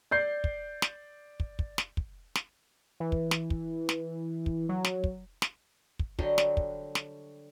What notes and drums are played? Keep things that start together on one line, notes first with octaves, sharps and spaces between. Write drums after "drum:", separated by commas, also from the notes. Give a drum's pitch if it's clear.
D5 G6 C7
drum: kick
drum: snare
drum: kick
drum: kick
drum: snare
drum: kick
drum: snare
E3
drum: kick
drum: snare
drum: kick
drum: snare
drum: kick
F#3
drum: snare
drum: kick
drum: snare
drum: kick
D3 F#3 G3 D#5, drum: kick
drum: snare
drum: kick
drum: snare